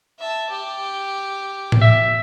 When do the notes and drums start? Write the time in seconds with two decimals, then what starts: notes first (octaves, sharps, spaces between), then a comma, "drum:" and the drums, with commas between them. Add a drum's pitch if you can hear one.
0.19 E5 A5
0.50 G4
1.72 drum: tom A2
1.82 E5